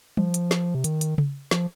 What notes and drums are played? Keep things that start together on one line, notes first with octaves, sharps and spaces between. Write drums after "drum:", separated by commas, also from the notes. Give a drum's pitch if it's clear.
F3, drum: tom
drum: hi-hat
drum: snare
C3
D#3, drum: hi-hat
drum: hi-hat
drum: tom C#3
F3, drum: snare